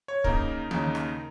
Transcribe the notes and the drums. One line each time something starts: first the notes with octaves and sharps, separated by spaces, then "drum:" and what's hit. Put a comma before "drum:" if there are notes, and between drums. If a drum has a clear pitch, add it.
C#5
C#3 A#3 D#4 A#4, drum: kick
D#2 C#3 A#3 D#4, drum: tom
drum: rim click